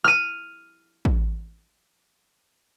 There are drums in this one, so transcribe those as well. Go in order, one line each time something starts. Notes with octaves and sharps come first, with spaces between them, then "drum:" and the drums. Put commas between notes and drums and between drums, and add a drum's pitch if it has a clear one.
F6 D#7
drum: kick